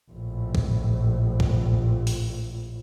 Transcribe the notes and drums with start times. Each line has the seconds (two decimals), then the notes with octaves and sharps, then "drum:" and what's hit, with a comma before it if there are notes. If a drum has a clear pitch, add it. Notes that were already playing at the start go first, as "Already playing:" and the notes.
0.12 A#1 A2
0.55 drum: kick
1.40 drum: kick
2.07 drum: open hi-hat